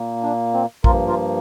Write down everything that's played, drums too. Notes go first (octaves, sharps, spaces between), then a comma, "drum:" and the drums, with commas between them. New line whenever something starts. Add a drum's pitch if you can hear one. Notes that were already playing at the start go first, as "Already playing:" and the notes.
Already playing: A#2 A#3
D4
C4
G2 F3 A#3 F4 A#4, drum: kick A#1
F4 A#4